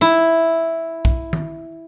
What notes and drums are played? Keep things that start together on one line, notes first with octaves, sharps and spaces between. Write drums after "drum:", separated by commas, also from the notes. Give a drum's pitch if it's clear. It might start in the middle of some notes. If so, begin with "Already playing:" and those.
E4
drum: kick
drum: tom D#3